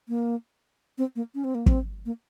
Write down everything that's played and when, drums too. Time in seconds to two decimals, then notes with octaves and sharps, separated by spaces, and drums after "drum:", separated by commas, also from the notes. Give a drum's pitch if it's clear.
0.09 A#3
0.98 C4
1.16 A#3
1.35 C#4
1.44 C4
1.55 A#3
1.66 C4, drum: kick
2.06 A#3